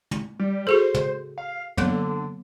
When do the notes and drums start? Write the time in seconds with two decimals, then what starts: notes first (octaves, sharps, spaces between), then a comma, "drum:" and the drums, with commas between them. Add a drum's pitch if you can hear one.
0.11 drum: tom
0.40 G3
0.67 F#4 G#4 A4 C5
0.94 drum: tom
1.38 F5
1.77 D3 F#3 A#3 B3, drum: tom